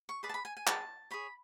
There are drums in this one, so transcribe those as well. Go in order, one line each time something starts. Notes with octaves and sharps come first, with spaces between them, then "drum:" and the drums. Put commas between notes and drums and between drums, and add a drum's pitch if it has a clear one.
C#6
G#4 B4 D5 B5
A5
B5
G#5
G#5
G#4 B4 D5 A5, drum: clap
G#4 C#5 B5